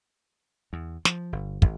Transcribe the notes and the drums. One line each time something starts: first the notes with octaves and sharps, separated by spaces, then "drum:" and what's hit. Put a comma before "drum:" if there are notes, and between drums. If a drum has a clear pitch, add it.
E2
F3, drum: snare
G1
G#1, drum: kick